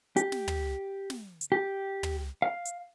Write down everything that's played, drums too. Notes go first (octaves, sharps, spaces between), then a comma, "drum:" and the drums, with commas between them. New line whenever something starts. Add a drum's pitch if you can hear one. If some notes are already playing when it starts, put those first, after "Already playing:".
G4, drum: hi-hat
drum: snare
drum: tom
drum: snare
drum: hi-hat
G4
drum: tom
F5
drum: hi-hat